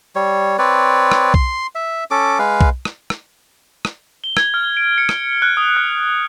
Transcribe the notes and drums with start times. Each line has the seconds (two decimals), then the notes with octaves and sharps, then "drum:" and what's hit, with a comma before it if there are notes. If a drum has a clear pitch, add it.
0.15 G3 C#5
0.58 C4 B4 C#5 D5
1.12 drum: rim click
1.34 C6, drum: kick B1
1.75 E5
2.11 C#4 A4 D6
2.39 G#3 B4 F5
2.61 drum: kick B1
2.85 drum: rim click
3.10 drum: rim click
3.85 drum: rim click
4.24 G7
4.37 G#6, drum: rim click
4.54 F6
4.77 D7
4.98 C#7
5.09 drum: rim click
5.42 F#6
5.57 D#6
5.77 F#6